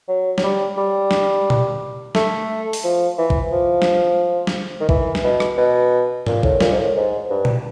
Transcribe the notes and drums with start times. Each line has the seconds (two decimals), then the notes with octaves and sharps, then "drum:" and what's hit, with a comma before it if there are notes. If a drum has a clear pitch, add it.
0.08 F#3
0.38 F#3, drum: snare
0.44 G3
0.78 G3
1.11 drum: snare
1.50 drum: tom A#2
2.15 A3, drum: snare
2.73 drum: open hi-hat
2.84 F3
3.18 E3
3.30 drum: kick A1
3.52 F3
3.82 drum: snare
4.47 drum: snare
4.81 D#3
4.89 E3, drum: kick A1
5.15 drum: snare
5.24 B2
5.40 drum: rim click
5.58 B2
6.26 A#2, drum: tom G#2
6.43 A2, drum: kick A1
6.60 A#2, drum: snare
6.73 G#2
6.79 A2
6.96 G#2
7.30 G2
7.45 drum: tom A#2